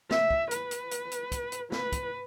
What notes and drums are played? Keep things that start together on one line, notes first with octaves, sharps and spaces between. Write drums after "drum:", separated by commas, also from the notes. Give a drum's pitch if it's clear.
E5, drum: snare
drum: kick
B4, drum: hi-hat
drum: hi-hat
drum: hi-hat
drum: hi-hat
drum: kick, hi-hat
drum: hi-hat
B4, drum: snare
drum: kick, hi-hat